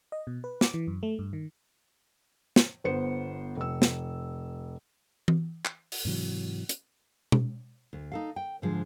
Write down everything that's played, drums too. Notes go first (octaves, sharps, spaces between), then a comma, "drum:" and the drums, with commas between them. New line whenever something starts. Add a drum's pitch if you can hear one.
D#5
B2
B4
D6, drum: snare
E3
F#2
A3
G2
D#3
drum: snare
G1 B3 C5 C#7
F1 E6
drum: snare
drum: tom E3
drum: clap
drum: open hi-hat
G#2 C3 E3 F#3
drum: hi-hat
drum: tom B2
D2
D#4 A4 F5
G5
G#2 D3 F3 G#3